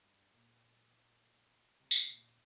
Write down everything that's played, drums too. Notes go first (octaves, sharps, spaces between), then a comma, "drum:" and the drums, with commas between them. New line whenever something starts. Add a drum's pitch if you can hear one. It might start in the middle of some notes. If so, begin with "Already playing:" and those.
G2
A#2
C2 C3
drum: tambourine
A#2